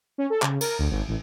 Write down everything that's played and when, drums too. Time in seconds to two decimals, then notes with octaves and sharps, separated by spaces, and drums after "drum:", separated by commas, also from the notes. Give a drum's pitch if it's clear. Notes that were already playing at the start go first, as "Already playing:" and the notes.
0.18 C#4
0.30 A4
0.42 C#3, drum: clap
0.61 A#4, drum: cymbal
0.79 D2
0.91 G#1
1.08 A1